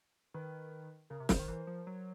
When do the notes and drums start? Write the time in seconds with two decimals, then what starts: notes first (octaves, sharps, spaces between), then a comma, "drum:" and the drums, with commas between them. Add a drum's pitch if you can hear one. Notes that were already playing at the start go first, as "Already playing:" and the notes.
0.34 D#3 B4
1.10 C#3 A#4
1.20 C3
1.29 C#3 A#4 C5, drum: snare
1.39 D#3
1.48 E3 A#4 C5
1.67 F3
1.87 F#3